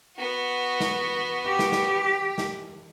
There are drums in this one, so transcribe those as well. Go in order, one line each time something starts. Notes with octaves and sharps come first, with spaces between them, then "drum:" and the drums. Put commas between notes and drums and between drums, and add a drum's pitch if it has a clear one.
B3 F#4
drum: snare
G4
drum: snare
drum: snare
drum: snare